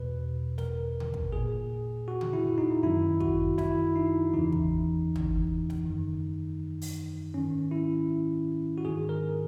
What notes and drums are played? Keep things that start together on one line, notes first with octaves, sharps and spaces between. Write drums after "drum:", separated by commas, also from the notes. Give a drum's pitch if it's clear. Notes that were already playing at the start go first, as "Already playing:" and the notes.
Already playing: E2 B2 B4
A#4, drum: snare
drum: tom C#3
drum: kick
A#2 G#4
F#4
drum: tom C#3
E4
D#4
F#2 D#3 E4
F#4, drum: kick
E4, drum: snare
D#4
E2 C#3 E3 D#4
drum: kick
drum: tom
drum: snare
F#2 D#3
drum: open hi-hat
G#2 D#3 C#4
E4
F#4
G#2 D#3 G#4
A#4